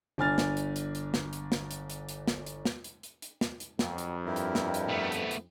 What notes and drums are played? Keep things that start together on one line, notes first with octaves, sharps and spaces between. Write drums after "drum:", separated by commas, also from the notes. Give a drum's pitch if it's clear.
G1 D4 G#5 F6 A6
drum: snare
drum: hi-hat
drum: hi-hat
drum: hi-hat
drum: snare
drum: hi-hat
drum: snare
drum: hi-hat
drum: hi-hat
drum: hi-hat
drum: snare
drum: hi-hat
drum: snare
drum: hi-hat
drum: hi-hat
drum: hi-hat
drum: snare
drum: hi-hat
F2 F#3, drum: snare
drum: hi-hat
G2 E4 G4 A#4
drum: hi-hat
drum: snare
drum: hi-hat
A3 B3
drum: hi-hat
drum: hi-hat